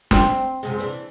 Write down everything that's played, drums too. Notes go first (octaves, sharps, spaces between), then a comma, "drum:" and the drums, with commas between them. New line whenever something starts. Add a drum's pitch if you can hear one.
C4, drum: snare
F#2 C3 G#3
E3 D4